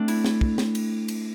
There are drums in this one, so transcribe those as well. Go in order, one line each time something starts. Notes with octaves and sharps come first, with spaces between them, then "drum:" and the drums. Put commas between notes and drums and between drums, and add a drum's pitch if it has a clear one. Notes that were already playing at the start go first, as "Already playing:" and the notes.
Already playing: A3 C4 D4
E4, drum: cymbal
drum: snare
drum: kick
drum: snare
drum: cymbal
drum: cymbal